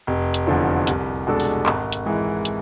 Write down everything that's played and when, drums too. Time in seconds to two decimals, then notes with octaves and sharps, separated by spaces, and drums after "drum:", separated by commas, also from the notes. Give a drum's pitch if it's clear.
0.07 F1
0.34 drum: hi-hat
0.47 E2 D3 F3
0.87 C2, drum: hi-hat
1.27 B2 G#3 D4 A4
1.40 drum: open hi-hat
1.66 G#1, drum: clap
1.92 drum: hi-hat
2.06 G#2 E3 G#3
2.45 drum: hi-hat